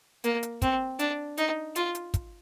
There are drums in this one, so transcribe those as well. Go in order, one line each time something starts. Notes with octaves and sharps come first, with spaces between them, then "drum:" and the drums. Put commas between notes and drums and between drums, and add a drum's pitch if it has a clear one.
A#3, drum: hi-hat
drum: hi-hat
C4, drum: kick, hi-hat
D4, drum: hi-hat
D#4, drum: hi-hat
F4, drum: hi-hat
drum: hi-hat
drum: kick, hi-hat